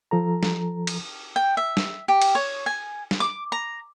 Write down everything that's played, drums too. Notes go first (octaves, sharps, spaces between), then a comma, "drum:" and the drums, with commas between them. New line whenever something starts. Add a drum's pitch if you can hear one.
F3 A4 A#5
drum: snare
drum: cymbal
G5
E5
drum: snare
G4
drum: cymbal
C#5
G#5
drum: snare
D6
A#5